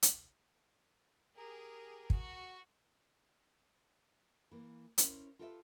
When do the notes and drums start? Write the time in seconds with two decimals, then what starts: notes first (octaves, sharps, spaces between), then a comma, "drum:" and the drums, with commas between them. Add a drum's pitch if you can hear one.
0.03 drum: hi-hat
1.36 G4 G#4 A#4
2.10 F#4, drum: kick
4.51 E3 A#3
4.98 C#4 E4 A#4 C5, drum: hi-hat
5.39 F4 G4 A4 B4 D5 E5